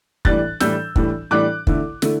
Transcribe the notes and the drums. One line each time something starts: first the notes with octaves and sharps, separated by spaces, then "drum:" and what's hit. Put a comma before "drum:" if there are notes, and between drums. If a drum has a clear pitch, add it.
A2 E3 G3 D4 F#6 A6, drum: kick
A2 E3 G3 D4 E6 G6, drum: snare
A2 E3 G3 D4, drum: kick
A2 E3 G3 D4 D6 F#6
D3 A3 E4, drum: kick
D3 A3 E4, drum: snare